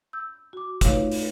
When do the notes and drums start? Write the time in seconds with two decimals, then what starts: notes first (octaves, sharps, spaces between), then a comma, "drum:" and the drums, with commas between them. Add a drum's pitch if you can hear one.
0.13 E6 G6
0.53 F#4 D6
0.81 A3 D#4 F4 B4 C#5 F5, drum: kick, hi-hat
1.12 drum: open hi-hat